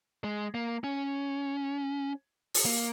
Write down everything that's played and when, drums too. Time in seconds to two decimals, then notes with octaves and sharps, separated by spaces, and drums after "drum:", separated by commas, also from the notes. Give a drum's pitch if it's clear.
0.24 G#3
0.54 A#3
0.84 C#4
2.54 drum: open hi-hat
2.66 A#3